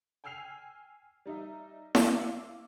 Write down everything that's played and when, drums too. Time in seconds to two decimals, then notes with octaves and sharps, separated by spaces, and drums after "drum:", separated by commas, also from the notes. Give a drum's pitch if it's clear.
0.24 G5 G#5 E6 F6 C7 F7
1.25 G3 D#4 D#5 E5
1.95 E5 F5 D6 E6, drum: snare E4